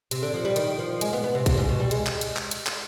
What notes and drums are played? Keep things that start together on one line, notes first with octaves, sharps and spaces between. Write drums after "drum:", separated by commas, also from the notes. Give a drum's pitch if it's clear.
C3, drum: hi-hat
D3
F3
G3
D#3, drum: hi-hat
F3
G#3, drum: hi-hat
B3
B3
C3
C3, drum: kick, hi-hat
G#2
B2
G3
G#3, drum: hi-hat
drum: clap
drum: hi-hat
drum: clap
drum: hi-hat
drum: clap